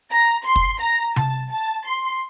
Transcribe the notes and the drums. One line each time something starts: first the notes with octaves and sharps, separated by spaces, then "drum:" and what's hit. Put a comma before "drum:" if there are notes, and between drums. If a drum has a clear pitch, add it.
A#5
C6
drum: kick
A#5
A5, drum: tom C3
A5
C6